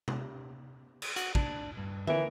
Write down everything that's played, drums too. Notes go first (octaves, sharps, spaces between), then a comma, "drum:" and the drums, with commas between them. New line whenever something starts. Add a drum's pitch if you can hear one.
drum: tom C3
drum: cymbal
F#4, drum: hi-hat
D4, drum: kick
G2
E3 A#4 E5, drum: tom